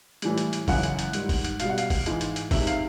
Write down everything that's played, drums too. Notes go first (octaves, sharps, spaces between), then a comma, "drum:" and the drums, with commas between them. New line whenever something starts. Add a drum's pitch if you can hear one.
A2 E3 G3, drum: hi-hat
drum: hi-hat
drum: hi-hat
F#2 C#3 E3 G#3 F#5, drum: kick F#1, open hi-hat
drum: hi-hat
drum: hi-hat
G#2 D#3 G3, drum: hi-hat
drum: kick F#1, open hi-hat
drum: hi-hat
B2 G3 F5, drum: hi-hat
F#5
F5, drum: hi-hat
drum: kick F#1, open hi-hat
G#2 E3 G#3, drum: hi-hat
drum: hi-hat
drum: hi-hat
C3 D#3 G#3 E5, drum: kick F#1, open hi-hat
F5, drum: hi-hat